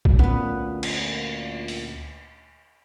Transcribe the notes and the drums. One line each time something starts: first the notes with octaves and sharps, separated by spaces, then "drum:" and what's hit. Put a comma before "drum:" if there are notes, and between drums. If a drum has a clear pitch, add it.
drum: kick A#1
D2 A#2 A3 B3 C#4 B4, drum: tom A2
drum: cymbal
drum: open hi-hat